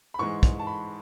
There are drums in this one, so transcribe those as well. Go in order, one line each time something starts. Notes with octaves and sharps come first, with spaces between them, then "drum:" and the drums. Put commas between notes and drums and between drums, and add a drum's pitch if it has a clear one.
B5
G#2 E3 G#3 C#6
drum: kick, hi-hat
A5
B5